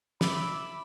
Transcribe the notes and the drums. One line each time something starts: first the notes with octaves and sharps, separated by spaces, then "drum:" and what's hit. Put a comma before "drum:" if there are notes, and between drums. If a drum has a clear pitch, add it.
E5 B5 D6, drum: snare